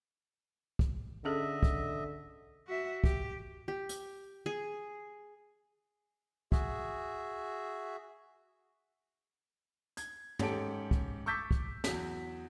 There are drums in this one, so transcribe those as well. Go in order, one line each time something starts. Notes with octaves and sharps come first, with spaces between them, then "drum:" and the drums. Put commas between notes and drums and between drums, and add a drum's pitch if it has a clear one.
drum: kick
D3 C#4 G#4 A4 D#5 E5
drum: kick
F#4 E5
G4, drum: kick
G4
drum: hi-hat
G#4
F#4 G#4 E5, drum: kick
G#6, drum: hi-hat
G#2 C#4 G4 A4 D7, drum: tom
drum: kick
C#6 D6 E6 G6 A6 B6
drum: kick
E2 F#3 B6, drum: snare